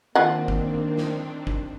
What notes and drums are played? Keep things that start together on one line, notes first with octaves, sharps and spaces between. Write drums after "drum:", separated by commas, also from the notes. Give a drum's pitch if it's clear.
D#3 F3 A#3 C4 D4 F#5
drum: kick
drum: snare
drum: kick